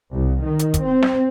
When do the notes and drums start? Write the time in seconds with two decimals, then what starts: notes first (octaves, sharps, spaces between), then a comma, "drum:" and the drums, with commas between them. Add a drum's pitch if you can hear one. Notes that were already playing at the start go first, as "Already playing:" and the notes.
0.15 C2
0.45 D#3
0.59 drum: hi-hat
0.74 drum: kick, hi-hat
0.85 C4
1.03 drum: snare